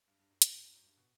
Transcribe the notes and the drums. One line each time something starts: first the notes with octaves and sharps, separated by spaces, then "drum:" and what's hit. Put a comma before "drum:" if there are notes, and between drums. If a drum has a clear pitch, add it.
G2
G2
F#2
G2, drum: hi-hat
F#2
G2
F#2
G2
B2